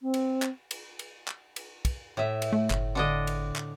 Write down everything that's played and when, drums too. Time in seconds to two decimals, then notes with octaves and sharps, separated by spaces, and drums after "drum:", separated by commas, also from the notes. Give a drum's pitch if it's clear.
0.02 C4
0.14 drum: cymbal
0.42 drum: clap
0.71 drum: cymbal
0.99 drum: cymbal
1.28 drum: clap
1.56 drum: cymbal
1.85 drum: kick, cymbal
2.17 A2 E5
2.42 drum: cymbal
2.52 A3
2.70 G1, drum: clap
2.95 D3 D4 D#5
3.27 drum: cymbal
3.56 drum: clap